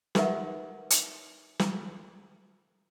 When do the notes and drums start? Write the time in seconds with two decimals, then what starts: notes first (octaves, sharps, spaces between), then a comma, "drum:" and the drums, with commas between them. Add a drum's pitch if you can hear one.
0.15 D#4 G4 A#4 B4 E5 F#5, drum: snare
0.90 drum: hi-hat
1.59 drum: snare